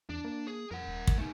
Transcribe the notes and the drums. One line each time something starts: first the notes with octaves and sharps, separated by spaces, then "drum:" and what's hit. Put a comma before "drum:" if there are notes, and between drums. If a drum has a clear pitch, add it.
E2 D4
A#3
G#4
F2 A#4 F#5
D#1
drum: kick
B1 A3 D#4